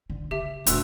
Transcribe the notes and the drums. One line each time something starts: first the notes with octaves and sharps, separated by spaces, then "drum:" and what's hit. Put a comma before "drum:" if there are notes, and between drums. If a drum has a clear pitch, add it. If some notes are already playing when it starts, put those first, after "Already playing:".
D3
C#3 G4 E5
D#1 D2 C6 E6 F#6, drum: hi-hat